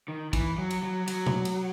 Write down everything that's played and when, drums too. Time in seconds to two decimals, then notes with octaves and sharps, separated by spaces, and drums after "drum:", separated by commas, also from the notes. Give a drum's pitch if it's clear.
0.08 D#3
0.33 E3, drum: kick, cymbal
0.58 F#3
0.70 drum: cymbal
0.83 F#3
1.08 F#3, drum: cymbal
1.26 drum: tom B2
1.45 drum: cymbal